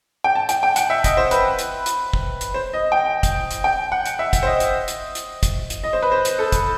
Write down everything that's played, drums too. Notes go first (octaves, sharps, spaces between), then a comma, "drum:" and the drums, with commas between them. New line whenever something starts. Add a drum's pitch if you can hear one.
G5
A5
G5, drum: hi-hat
G5
F#5, drum: hi-hat
E5
D#5, drum: kick, hi-hat
C5
B4, drum: hi-hat
drum: hi-hat
drum: hi-hat
drum: kick
drum: hi-hat
C5
D#5
G5
drum: kick, hi-hat
drum: hi-hat
G5
F#5
drum: hi-hat
E5
drum: kick, hi-hat
C5
D#5
drum: hi-hat
drum: hi-hat
drum: hi-hat
drum: kick, hi-hat
drum: hi-hat
D#5
C5
B4
C5
drum: hi-hat
A4
drum: kick, hi-hat